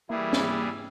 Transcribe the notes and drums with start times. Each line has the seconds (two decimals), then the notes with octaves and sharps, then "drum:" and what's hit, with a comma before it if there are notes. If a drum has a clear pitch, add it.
0.10 E3 G3 A#3 E4 G#4
0.33 drum: snare